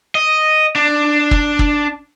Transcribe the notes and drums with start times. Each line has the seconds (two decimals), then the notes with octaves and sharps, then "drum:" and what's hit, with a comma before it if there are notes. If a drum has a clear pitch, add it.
0.15 D#5
0.75 D4
1.31 drum: kick
1.59 drum: kick